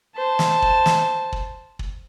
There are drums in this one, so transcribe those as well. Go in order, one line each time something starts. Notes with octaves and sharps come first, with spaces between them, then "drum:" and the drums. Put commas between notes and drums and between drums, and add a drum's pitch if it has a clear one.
C5 A5
drum: snare
drum: kick
drum: snare
drum: kick
drum: kick